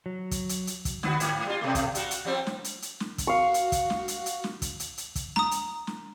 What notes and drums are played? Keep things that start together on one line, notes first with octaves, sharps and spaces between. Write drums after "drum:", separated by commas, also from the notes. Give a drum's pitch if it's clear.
F#3
drum: kick, hi-hat
drum: hi-hat
drum: hi-hat
drum: kick, hi-hat
D3 B3 F#4, drum: snare
G#2, drum: hi-hat
G3 F4
B2 A3
drum: kick, hi-hat
G3 F#4, drum: hi-hat
drum: hi-hat
F3 G3 C4
drum: snare
drum: hi-hat
drum: hi-hat
drum: snare
drum: kick, hi-hat
F#4 F5 C#6
drum: hi-hat
drum: kick, hi-hat
drum: snare
drum: hi-hat
drum: hi-hat
drum: snare
drum: kick, hi-hat
drum: hi-hat
drum: hi-hat
drum: kick, hi-hat
A#5 D#6, drum: snare
drum: hi-hat
drum: snare